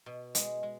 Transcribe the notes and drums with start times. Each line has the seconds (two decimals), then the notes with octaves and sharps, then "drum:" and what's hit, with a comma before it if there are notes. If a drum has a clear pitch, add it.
0.06 B2
0.35 G#3, drum: hi-hat
0.63 G#3